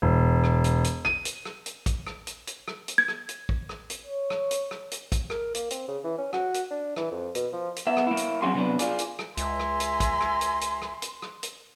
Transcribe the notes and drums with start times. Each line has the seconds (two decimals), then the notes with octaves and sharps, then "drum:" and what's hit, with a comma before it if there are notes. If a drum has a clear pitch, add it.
0.02 E1
0.44 drum: rim click
0.64 drum: hi-hat
0.84 drum: hi-hat
1.05 D#7, drum: rim click
1.25 drum: hi-hat
1.45 drum: rim click
1.66 drum: hi-hat
1.86 drum: kick, hi-hat
2.07 drum: rim click
2.27 drum: hi-hat
2.47 drum: hi-hat
2.68 drum: rim click
2.88 drum: hi-hat
2.98 G#6
3.08 drum: rim click
3.29 drum: hi-hat
3.49 drum: kick
3.69 drum: rim click
3.90 drum: hi-hat
4.06 C#5
4.30 drum: rim click
4.51 drum: hi-hat
4.71 drum: rim click
4.91 drum: hi-hat
5.12 drum: kick, hi-hat
5.30 A#4, drum: rim click
5.55 A#3, drum: hi-hat
5.70 C4, drum: hi-hat
5.88 C#3
6.04 E3
6.18 C#4
6.33 F#4, drum: rim click
6.54 drum: hi-hat
6.70 D4
6.96 E3, drum: rim click
7.11 F2
7.35 B2, drum: hi-hat
7.53 F3
7.76 drum: hi-hat
7.87 B3 E5
7.97 drum: rim click
8.07 A#3 E4
8.17 drum: hi-hat
8.42 F#3 C4 C#4 F#4 G#4 C6
8.54 C3 F#3 B3 D4 B4
8.79 F4 G#4 D5, drum: hi-hat
8.99 drum: hi-hat
9.19 drum: rim click
9.37 C#2 E5 G#5 A#5 C6, drum: hi-hat
9.60 drum: rim click
9.80 drum: hi-hat
10.00 drum: kick, hi-hat
10.21 drum: rim click
10.41 drum: hi-hat
10.61 drum: hi-hat
10.82 drum: rim click
11.02 drum: hi-hat
11.22 drum: rim click
11.43 drum: hi-hat